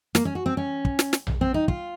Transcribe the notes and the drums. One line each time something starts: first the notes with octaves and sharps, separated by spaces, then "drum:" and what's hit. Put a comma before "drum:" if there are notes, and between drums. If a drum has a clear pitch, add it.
A#3, drum: snare
C#4
F#4
C4
C#4
drum: kick
drum: snare
drum: snare
drum: tom A#1
C4
D#4
F4, drum: kick